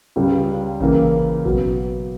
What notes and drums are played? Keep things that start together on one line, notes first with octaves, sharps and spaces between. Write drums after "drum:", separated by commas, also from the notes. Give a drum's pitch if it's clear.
C#2 C#3 G3
C#3 E3 A#3, drum: kick A1
B2 F#3 B3, drum: kick A1